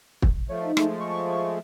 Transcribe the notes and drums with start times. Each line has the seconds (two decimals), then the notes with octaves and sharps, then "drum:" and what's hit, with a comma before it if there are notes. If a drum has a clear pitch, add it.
0.22 drum: kick
0.49 F3 A3 C#5
0.62 D#4
0.77 F3 G#3 A3, drum: rim click
1.00 C#6